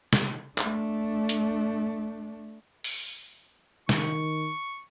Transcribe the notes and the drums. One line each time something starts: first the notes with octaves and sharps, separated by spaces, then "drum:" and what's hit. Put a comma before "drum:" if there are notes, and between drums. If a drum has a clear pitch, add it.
drum: snare
A3 D4, drum: clap
drum: hi-hat
drum: open hi-hat
D#3 C#6, drum: snare